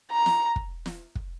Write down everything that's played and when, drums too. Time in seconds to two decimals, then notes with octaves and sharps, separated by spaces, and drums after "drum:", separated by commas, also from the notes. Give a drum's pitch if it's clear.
0.11 A#5
0.26 drum: snare
0.56 drum: kick
0.86 drum: snare
1.15 drum: kick